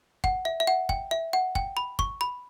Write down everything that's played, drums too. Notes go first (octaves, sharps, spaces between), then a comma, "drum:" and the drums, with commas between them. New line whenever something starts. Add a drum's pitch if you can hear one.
F#5, drum: kick
E5
E5
F#5
G5, drum: kick
E5
F#5
G5, drum: kick
B5
C#6, drum: kick
B5